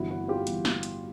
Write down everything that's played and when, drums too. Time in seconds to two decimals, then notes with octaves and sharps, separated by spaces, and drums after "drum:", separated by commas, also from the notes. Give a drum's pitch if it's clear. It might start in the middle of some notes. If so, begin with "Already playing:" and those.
Already playing: G1 G2 E3 E4 F#4
0.10 E4 F#4
0.28 F4 G4
0.47 G1 E3, drum: hi-hat
0.65 drum: snare
0.83 drum: hi-hat